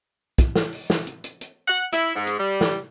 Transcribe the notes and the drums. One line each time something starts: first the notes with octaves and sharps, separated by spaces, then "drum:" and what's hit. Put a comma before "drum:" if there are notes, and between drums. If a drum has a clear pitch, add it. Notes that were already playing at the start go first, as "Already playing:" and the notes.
drum: kick, hi-hat
drum: snare
drum: open hi-hat
drum: snare
drum: hi-hat
drum: hi-hat
drum: hi-hat
F#5
E4, drum: hi-hat
G#2
drum: hi-hat
G3
drum: snare